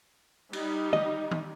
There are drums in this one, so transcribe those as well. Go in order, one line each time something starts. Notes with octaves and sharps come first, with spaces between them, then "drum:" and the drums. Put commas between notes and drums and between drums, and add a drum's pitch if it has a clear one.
G3 D#4, drum: cymbal
D#5, drum: tom
drum: tom